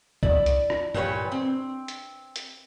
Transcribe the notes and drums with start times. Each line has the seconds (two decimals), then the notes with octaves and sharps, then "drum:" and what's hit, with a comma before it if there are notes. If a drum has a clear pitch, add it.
0.23 E4 D5, drum: kick C2
0.46 drum: hi-hat
0.70 drum: rim click
0.95 A#2 E3 G3 B4 C#5, drum: tom G2
1.32 C4
1.88 drum: hi-hat
2.36 drum: hi-hat